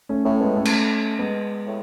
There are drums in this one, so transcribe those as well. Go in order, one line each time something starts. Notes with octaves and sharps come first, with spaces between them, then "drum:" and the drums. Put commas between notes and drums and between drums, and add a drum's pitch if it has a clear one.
A3 C#4
A2 A3 C#4
G#3 B3
A3 C#4
drum: cymbal
G#3 B3
A2